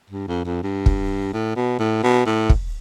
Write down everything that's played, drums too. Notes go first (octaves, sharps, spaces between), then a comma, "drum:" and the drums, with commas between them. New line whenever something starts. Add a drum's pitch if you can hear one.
G2
F2
F2
G2
drum: kick
A2
B2
A2
B2
A2
drum: kick